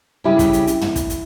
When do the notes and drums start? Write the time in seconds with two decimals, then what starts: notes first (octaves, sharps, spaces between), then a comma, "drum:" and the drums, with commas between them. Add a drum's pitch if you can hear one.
0.24 C#3 G3 C#4 E4 G4
0.39 drum: kick, hi-hat
0.53 drum: hi-hat
0.67 drum: hi-hat
0.81 drum: tom
0.96 drum: kick, hi-hat
1.10 drum: hi-hat